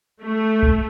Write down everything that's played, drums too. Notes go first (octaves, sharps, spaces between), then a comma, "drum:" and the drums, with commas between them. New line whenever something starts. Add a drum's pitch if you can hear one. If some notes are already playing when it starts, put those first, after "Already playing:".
A3
drum: kick B1